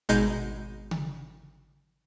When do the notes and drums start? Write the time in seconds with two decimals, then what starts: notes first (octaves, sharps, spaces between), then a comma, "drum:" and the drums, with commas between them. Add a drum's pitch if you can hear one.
0.09 G#1 B2 G#3 D#4 G6, drum: hi-hat
0.91 drum: tom C#3